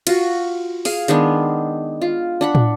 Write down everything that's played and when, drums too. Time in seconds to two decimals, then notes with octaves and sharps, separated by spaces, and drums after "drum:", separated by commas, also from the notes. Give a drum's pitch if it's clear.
0.07 F4 F#4, drum: cymbal
0.85 G#4 F5, drum: open hi-hat
1.08 D#3 G#3 B3 D4, drum: hi-hat
2.01 F4
2.41 D4 F#5 B5
2.55 drum: tom